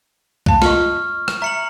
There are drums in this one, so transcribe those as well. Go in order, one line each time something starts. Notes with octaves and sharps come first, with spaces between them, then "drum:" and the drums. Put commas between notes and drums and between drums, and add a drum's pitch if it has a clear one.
A3 A5, drum: kick
F4 D#5 C#6 F6, drum: snare
drum: rim click
E5 A#5 C#7 F#7